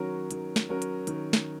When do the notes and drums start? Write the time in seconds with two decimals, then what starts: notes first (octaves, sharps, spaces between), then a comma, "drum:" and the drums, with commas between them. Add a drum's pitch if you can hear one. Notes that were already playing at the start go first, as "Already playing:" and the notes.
Already playing: D#3 F#3 C#4 F#4 A#4
0.31 D#3, drum: hi-hat
0.56 drum: snare
0.69 F#3 C#4 F#4 A#4
0.82 drum: hi-hat
1.07 D#3, drum: hi-hat
1.33 drum: snare